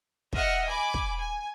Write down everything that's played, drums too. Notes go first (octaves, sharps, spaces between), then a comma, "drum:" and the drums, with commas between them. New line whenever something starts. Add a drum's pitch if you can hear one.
D#5 E5 F#5 F6, drum: kick
G#5 B5 D6
drum: kick
G#5